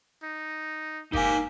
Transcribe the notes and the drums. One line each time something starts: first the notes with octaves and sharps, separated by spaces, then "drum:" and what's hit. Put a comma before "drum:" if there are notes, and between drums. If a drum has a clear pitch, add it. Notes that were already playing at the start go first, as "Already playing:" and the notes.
D#4
A#3 D#4 G4 G#5, drum: kick